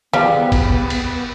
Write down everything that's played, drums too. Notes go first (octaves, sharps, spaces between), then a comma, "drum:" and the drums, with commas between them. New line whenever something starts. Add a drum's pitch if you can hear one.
G3 B3 G#4 C5 F5, drum: snare
drum: kick G1, cymbal
drum: cymbal